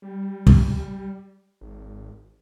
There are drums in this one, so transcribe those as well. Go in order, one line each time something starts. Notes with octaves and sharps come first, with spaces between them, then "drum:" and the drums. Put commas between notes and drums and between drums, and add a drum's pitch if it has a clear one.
G3
drum: kick
G#1